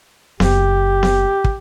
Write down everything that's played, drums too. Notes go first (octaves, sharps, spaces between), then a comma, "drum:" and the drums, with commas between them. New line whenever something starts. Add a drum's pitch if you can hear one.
F#1 G4, drum: snare B3
drum: snare B3
drum: kick